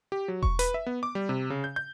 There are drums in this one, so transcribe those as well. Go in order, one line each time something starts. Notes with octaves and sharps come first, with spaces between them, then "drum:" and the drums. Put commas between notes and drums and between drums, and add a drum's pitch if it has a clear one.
G4
F#3
C#6, drum: kick E1
B4, drum: hi-hat
E5
B3
D6
G3
C3
C#3
G6
G6